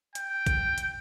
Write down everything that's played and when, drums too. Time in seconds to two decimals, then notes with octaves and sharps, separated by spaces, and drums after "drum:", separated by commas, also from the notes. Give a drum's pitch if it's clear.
0.15 G5, drum: hi-hat
0.46 drum: kick, hi-hat
0.78 drum: hi-hat